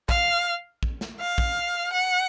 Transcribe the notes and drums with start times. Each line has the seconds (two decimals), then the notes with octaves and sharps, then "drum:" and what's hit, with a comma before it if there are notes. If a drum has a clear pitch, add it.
0.09 F5, drum: kick A#1
0.83 drum: kick A#1
1.01 drum: snare
1.20 F5
1.38 drum: kick A#1
1.93 F#5